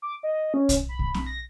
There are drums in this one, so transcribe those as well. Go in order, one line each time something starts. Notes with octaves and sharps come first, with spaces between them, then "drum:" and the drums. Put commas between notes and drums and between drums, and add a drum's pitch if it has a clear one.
D6
D#5
C#4
drum: kick, hi-hat
B5
drum: kick
drum: snare C4
A#6